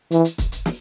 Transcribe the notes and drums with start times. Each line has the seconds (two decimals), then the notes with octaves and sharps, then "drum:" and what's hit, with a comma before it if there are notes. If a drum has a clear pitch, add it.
0.11 E3, drum: hi-hat
0.25 drum: hi-hat
0.38 drum: kick, hi-hat
0.52 drum: hi-hat
0.66 drum: snare